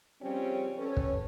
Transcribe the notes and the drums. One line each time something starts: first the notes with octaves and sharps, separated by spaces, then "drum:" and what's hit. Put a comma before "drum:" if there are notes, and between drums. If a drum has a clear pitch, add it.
C#3 F3 G3 C4 C#4
C#4 A4 B4 C#5
drum: kick